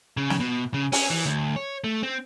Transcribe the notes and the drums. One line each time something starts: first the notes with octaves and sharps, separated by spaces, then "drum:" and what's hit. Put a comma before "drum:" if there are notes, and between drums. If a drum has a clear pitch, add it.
C#3
drum: snare
B2
C#3
C#4, drum: open hi-hat
E3
D2
C#5
A3
C4